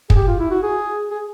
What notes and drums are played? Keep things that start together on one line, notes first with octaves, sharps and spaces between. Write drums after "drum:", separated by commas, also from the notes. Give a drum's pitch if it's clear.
G#4, drum: kick
G4
F4
E4
F#4
G#4
G#4